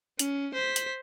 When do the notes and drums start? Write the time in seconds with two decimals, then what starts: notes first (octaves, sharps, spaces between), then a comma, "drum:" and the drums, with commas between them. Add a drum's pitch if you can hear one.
0.19 C#4, drum: hi-hat
0.54 C5 B6
0.76 drum: hi-hat